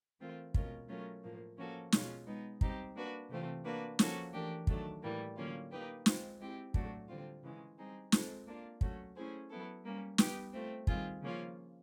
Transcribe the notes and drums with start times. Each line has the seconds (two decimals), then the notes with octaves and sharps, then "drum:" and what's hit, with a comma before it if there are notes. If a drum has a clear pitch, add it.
0.19 E3 A3 C4 F4 A#4
0.54 B2 G#3 C#4 F4 A#4, drum: kick
0.88 F#3 A3 C#4 F4 A#4
1.23 A2 F3 A#3
1.57 F3 A#3 C#4 F#4 A4
1.92 B2 G#3 C#4 F4, drum: snare
2.26 G#3 B3 D#4
2.61 G3 C4 D#4 G4, drum: kick
2.95 A#3 D4 F#4 B4
3.29 C3 E3 A3 C4 F4
3.64 A#3 D4 F#4 B4
3.99 F3 A#3 C#4 F#4 A4, drum: snare
4.32 E3 A3 D4 G4 A#4
4.67 D#3 F#3 A3 D4, drum: kick
5.02 A2 E3 G3 A#3
5.36 D3 F#3 A#3 C#4 F4
5.71 A#3 D#4 G4 B4
6.06 G#3 C4 F4, drum: snare
6.39 G#3 C4 E4 G4 C5
6.74 A2 F#3 A3 D4 F#4, drum: kick
7.08 D3 G3 C4 F4
7.43 C#3 E3 G#3
7.78 G3 C4 D#4 G#4
8.12 G#3 C4 F4 A4 C5, drum: snare
8.46 A#3 D4 F4
8.81 F#3 A3 C#4 F#4, drum: kick
9.15 A3 C#4 E4 G#4 C5
9.50 F#3 B3 E4 A4
9.85 G3 A#3 C#4
10.18 G3 B3 D#4 G4 B4, drum: snare
10.53 A3 C4 F4
10.87 D#3 G3 C4 F4 G#4, drum: kick
11.22 C#3 F3 A#3 C#4 F4